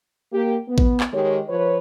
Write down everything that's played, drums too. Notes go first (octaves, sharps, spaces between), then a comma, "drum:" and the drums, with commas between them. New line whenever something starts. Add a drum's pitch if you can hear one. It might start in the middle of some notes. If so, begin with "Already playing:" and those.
A#3 G4
B3
drum: kick A1
drum: clap
D#3 G#3 G4 C#5
F3 B4 C#5